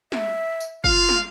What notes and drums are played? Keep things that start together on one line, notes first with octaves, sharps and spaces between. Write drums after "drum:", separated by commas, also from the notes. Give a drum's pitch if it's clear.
E5, drum: snare
drum: tambourine
F4 F5, drum: kick
drum: snare